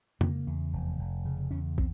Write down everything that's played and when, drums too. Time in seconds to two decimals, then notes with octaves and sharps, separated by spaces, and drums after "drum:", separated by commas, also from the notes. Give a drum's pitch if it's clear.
0.21 C#3 A#3, drum: tom F2
0.47 E2
0.73 F1
0.99 F1
1.25 C#3
1.51 E2 C#4
1.78 C4, drum: kick